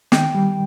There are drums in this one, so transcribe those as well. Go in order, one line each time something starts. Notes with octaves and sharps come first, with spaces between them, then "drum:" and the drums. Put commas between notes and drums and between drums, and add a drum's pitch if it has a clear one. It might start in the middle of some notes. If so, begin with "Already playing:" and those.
D#3 G5, drum: snare
G3